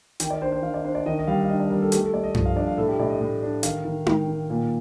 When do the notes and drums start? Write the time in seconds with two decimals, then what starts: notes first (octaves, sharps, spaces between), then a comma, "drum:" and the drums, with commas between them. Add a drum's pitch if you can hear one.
0.20 D#3 G5, drum: hi-hat
0.30 D5
0.41 D4 C5
0.52 C5
0.63 D#3 F5
0.74 D5
0.85 D4 C5
0.95 D5
1.06 D#3 D#5
1.19 D#5
1.27 G3 F5
1.42 F5
1.49 D4 D#5
1.60 D5
1.70 G3 A#4
1.81 A4
1.92 A3 G4, drum: hi-hat
2.02 A4
2.13 A3 D5
2.23 D#5
2.34 F3, drum: tom G2
2.46 F5
2.56 D4 D5
2.67 F5
2.78 A2 A4
2.88 G4
2.99 A2 D5
3.10 D#5
3.21 A2
3.43 D4
3.63 D#3 F5, drum: hi-hat
3.85 D#3
4.06 D#3 G5, drum: tom D#4
4.28 D#3
4.50 A#2